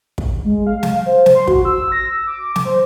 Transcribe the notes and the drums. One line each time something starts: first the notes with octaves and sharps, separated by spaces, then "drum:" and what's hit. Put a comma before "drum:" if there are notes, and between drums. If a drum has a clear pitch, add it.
drum: kick
G#3
F5
drum: snare
C5
drum: snare
C6
F#4, drum: kick
E6
A#6
E6
D6
drum: snare
C5